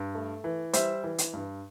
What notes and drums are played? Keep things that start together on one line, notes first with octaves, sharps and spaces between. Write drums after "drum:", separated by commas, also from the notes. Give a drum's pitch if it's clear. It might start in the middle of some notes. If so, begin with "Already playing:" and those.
Already playing: G2
A3
E3
G3 C5 E5, drum: hi-hat
E3
drum: hi-hat
G2